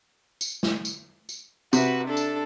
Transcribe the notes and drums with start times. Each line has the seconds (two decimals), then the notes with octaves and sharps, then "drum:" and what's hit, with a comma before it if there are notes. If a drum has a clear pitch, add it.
0.41 drum: tambourine
0.63 drum: snare
0.85 drum: tambourine
1.29 drum: tambourine
1.73 C3 F#4 B4, drum: tambourine
2.08 D4 A4
2.17 drum: tambourine